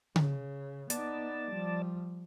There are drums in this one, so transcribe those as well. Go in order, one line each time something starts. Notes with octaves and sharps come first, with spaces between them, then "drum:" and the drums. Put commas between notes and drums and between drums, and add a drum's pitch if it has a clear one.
C#3, drum: tom C#3
B3 D#4 D5 A5, drum: hi-hat
F3 G3